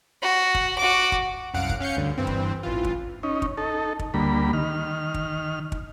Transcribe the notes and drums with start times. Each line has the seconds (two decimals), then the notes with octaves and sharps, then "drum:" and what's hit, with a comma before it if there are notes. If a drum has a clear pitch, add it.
0.23 F#4
0.55 drum: kick
0.78 F#4 D6
1.12 drum: kick
1.54 C2 F#2 F5 F#5 D7
1.70 drum: kick
1.80 C#4 F5 G6 C#7
1.96 D2 G2 D3
2.17 G2 E3 C4
2.27 drum: kick
2.63 A1 E3 F4
2.84 drum: kick
3.23 C#4 D#4
3.42 drum: kick
3.57 D#4 A4
3.99 drum: kick
4.14 D2 G3 A#3 B5
4.53 D#3 F6
5.14 drum: kick
5.72 drum: kick